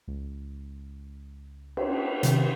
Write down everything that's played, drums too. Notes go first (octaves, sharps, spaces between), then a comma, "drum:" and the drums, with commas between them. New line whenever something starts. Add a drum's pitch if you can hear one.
C#2
drum: cymbal
C3 D#3, drum: hi-hat